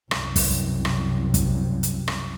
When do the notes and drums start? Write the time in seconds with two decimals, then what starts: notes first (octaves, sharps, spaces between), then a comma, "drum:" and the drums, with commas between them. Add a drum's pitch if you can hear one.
0.11 C2 F#2, drum: rim click
0.36 drum: kick, open hi-hat
0.85 drum: rim click
1.34 drum: kick, hi-hat
1.83 drum: hi-hat
2.08 drum: rim click